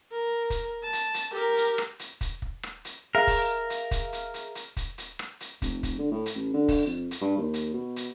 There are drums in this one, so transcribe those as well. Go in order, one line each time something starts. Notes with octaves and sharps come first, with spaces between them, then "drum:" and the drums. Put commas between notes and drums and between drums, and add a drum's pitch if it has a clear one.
A#4
drum: kick, hi-hat
A5
drum: hi-hat
drum: hi-hat
G4 A#4
drum: hi-hat
drum: rim click
drum: hi-hat
drum: kick, hi-hat
drum: kick
drum: rim click
drum: hi-hat
G#4 A#4 E5 F5
drum: kick, open hi-hat
drum: hi-hat
drum: kick, hi-hat
drum: hi-hat
drum: hi-hat
drum: hi-hat
drum: kick, hi-hat
drum: hi-hat
drum: rim click
drum: hi-hat
F1, drum: kick, hi-hat
drum: kick, hi-hat
D3
A2
drum: hi-hat
A1
D3
drum: kick, open hi-hat
F2
drum: hi-hat
G2
D#2
drum: hi-hat
B2
drum: hi-hat